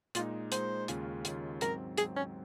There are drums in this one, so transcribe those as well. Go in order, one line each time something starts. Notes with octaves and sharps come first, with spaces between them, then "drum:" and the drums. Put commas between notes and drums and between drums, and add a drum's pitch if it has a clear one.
A#2 G#3 D#4 F4, drum: hi-hat
A#2 G#3 D#4 C5, drum: hi-hat
D#2 C#3 G#3 C#4 F4, drum: hi-hat
D#2 C#3 G#3 C#4 F4, drum: hi-hat
G#2 F#3 C4 A#4, drum: hi-hat
G#2 F#3 C4 G#4, drum: hi-hat
C#4